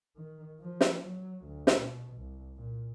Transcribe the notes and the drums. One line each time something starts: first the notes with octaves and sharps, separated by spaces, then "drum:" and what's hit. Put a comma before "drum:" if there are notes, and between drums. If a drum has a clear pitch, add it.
D#3
F3
drum: snare
F#3
D2
drum: snare
B2
C2
A#2